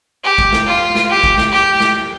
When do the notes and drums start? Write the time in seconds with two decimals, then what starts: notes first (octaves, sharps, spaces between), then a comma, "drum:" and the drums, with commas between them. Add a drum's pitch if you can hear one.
0.24 G4
0.38 drum: kick
0.53 drum: snare
0.67 F4
0.95 drum: snare
1.10 G4
1.24 drum: kick
1.38 drum: snare
1.52 G4
1.80 drum: snare